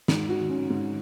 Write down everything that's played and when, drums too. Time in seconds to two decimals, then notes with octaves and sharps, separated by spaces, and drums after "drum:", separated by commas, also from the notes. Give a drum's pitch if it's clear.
0.08 G#2, drum: snare
0.29 F#4
0.49 C#4
0.70 G#2